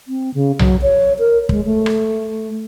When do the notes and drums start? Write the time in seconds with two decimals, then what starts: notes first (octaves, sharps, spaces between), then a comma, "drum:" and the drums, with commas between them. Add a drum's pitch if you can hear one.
0.08 C4
0.34 C#3
0.59 F#3, drum: tom B1
0.82 C#5
1.19 A#4
1.49 G#3, drum: kick
1.65 A3
1.86 drum: rim click